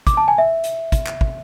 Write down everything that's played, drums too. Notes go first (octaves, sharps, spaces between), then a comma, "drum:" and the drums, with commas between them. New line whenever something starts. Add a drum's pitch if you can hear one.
D6, drum: kick, hi-hat
A5
G#5
E5
drum: hi-hat
drum: kick, hi-hat
drum: clap
drum: kick